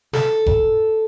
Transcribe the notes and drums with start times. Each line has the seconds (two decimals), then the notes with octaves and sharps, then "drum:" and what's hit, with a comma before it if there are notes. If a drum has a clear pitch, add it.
0.13 A4, drum: snare
0.46 drum: kick F1